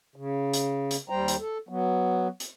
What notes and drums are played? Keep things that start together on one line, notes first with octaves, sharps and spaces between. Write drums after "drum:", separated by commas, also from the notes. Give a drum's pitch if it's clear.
C#3
drum: hi-hat
drum: hi-hat
D#2 G3 C5 G5 A#5
drum: hi-hat
A4
F#3 B3
drum: hi-hat